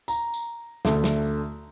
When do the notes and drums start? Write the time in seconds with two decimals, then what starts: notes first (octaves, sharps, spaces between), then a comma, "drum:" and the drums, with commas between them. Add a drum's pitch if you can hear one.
0.08 A#5, drum: tambourine
0.34 drum: tambourine
0.85 D2 D3 A3, drum: snare
1.04 drum: snare